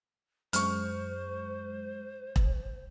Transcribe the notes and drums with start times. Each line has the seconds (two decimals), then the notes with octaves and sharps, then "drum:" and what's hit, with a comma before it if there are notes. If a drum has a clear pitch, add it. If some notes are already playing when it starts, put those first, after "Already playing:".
0.53 F#2 G#3 C5 C#6 F6, drum: hi-hat
2.36 drum: kick E1